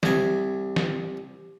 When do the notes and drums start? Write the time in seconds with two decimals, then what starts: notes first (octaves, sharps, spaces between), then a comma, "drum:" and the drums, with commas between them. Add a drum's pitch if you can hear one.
0.03 C2 G#5, drum: snare
0.76 drum: snare